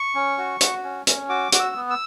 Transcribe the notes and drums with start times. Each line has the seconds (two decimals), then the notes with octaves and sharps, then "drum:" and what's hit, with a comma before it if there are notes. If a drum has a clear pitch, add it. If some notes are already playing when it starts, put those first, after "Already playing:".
Already playing: C#6
0.15 C#4
0.38 F#4
0.61 F#4, drum: hi-hat
0.84 C#4
1.07 C#4, drum: hi-hat
1.29 F#4 D6
1.52 F#4 D6, drum: hi-hat
1.59 E6
1.75 B3
1.90 E6